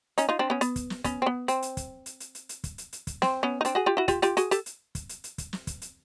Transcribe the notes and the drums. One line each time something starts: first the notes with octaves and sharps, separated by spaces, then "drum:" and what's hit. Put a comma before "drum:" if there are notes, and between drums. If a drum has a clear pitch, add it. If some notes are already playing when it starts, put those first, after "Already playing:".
C#4 D#4, drum: hi-hat
D#4 F4
C4 D4
B3 C#4
B3, drum: hi-hat
drum: kick, hi-hat
drum: snare
B3 C#4, drum: kick, hi-hat
C4
B3
C4, drum: hi-hat
drum: hi-hat
drum: kick, hi-hat
drum: hi-hat
drum: hi-hat
drum: hi-hat
drum: hi-hat
drum: kick, hi-hat
drum: hi-hat
drum: hi-hat
drum: kick, hi-hat
C4, drum: snare
B3 C#4
D#4
C4 D4, drum: hi-hat
F#4 G#4
F4 G4
E4 F#4
F4 G4, drum: kick, hi-hat
F4 G4, drum: hi-hat
F#4 G#4, drum: hi-hat
G4 A4, drum: hi-hat
drum: hi-hat
drum: kick, hi-hat
drum: hi-hat
drum: hi-hat
drum: kick, hi-hat
drum: snare
drum: kick, hi-hat
drum: hi-hat